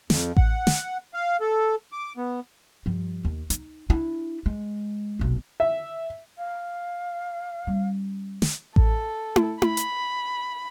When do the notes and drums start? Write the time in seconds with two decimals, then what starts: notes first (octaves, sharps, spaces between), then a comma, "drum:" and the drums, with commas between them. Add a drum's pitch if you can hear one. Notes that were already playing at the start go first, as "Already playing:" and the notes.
0.10 F2, drum: snare
0.37 F#5, drum: kick A1
0.67 drum: snare
1.14 F5
1.41 A4
1.92 D6
2.17 B3
2.86 G2 F3
3.25 D#2
3.50 D#4, drum: hi-hat
3.90 D4 E4
4.46 G#3
5.19 F1 B1
5.60 E5
6.37 F5
7.67 G3 C#4
8.42 drum: snare
8.76 A4, drum: kick A1
9.36 drum: tom E4
9.62 B5, drum: tom E4
9.77 drum: hi-hat